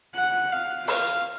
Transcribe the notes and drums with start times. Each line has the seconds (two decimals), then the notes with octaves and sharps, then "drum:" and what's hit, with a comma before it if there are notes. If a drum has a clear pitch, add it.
0.15 F#5
0.52 F5
0.88 F5, drum: open hi-hat